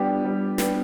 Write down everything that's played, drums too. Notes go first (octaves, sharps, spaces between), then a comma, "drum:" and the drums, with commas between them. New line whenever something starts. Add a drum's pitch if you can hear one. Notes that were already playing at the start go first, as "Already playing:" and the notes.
Already playing: G3 B3 D4 G4
G3
B3 D4 G4, drum: snare